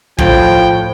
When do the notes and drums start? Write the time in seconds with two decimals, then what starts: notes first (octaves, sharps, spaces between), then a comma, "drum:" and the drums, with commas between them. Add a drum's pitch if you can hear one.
0.19 A2 F3 G5, drum: kick